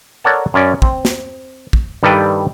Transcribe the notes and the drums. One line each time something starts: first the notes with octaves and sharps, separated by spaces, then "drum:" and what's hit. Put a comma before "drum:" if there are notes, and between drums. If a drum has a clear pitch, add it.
A4 A#4 C#5 D5 F#5 A5
F#2 C#4 D5
C4, drum: kick
drum: snare
drum: kick
G2 D#3 G3 A4 B4 G5